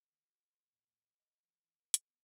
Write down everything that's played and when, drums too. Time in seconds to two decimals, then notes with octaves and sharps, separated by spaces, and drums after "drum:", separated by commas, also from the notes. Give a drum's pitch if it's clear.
0.12 D2
0.25 F#4
0.52 C5
0.72 A2
0.87 A2
1.19 D#5
1.42 F3
1.64 E3
1.80 A#4
1.94 G#4, drum: hi-hat
2.09 B3